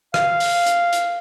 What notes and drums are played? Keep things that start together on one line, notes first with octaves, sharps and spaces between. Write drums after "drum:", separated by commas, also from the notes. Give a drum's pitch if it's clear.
F5, drum: rim click
drum: open hi-hat
drum: hi-hat
drum: hi-hat